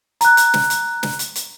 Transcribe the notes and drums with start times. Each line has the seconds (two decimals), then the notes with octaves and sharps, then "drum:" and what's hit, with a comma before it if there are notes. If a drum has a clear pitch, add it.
0.21 A#5 F#6, drum: hi-hat
0.37 drum: hi-hat
0.54 drum: snare
0.70 drum: hi-hat
1.03 drum: snare
1.19 drum: hi-hat
1.36 drum: hi-hat